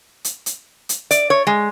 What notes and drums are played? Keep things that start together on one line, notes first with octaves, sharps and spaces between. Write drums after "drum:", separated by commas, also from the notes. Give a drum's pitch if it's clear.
drum: hi-hat
drum: hi-hat
drum: hi-hat
D5, drum: hi-hat
C#5
G#3